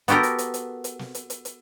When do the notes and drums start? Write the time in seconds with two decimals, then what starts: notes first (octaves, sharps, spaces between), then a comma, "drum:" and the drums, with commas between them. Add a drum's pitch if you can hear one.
0.08 B3 F#4 G4 A4 A#4, drum: hi-hat
0.23 drum: hi-hat
0.38 drum: hi-hat
0.54 drum: hi-hat
0.84 drum: hi-hat
0.99 drum: snare
1.15 drum: hi-hat
1.30 drum: hi-hat
1.45 drum: hi-hat